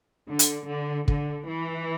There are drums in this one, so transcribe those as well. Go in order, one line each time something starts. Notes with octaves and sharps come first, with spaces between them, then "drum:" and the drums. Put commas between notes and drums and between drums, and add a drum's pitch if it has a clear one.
D3
drum: hi-hat
D3
D3, drum: kick
E3